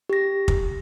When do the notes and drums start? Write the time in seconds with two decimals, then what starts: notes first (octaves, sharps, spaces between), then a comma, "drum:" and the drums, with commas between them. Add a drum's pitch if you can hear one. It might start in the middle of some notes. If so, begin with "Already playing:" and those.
0.09 G4 A#6
0.48 drum: kick